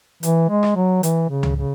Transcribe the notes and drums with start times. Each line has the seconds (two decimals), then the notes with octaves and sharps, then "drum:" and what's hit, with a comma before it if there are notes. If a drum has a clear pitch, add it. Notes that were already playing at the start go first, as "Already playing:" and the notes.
0.23 E3, drum: hi-hat
0.49 G#3
0.63 drum: rim click
0.76 F#3
1.03 E3, drum: hi-hat
1.30 C#3
1.43 drum: tom C#2
1.56 C#3